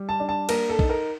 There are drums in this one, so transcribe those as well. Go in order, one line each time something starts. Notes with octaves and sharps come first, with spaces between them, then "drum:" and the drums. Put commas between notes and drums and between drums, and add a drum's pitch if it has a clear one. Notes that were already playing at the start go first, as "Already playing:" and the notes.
Already playing: G3
A5
D4
A5
A#3 A#4, drum: cymbal
A4
D#4, drum: kick
A#4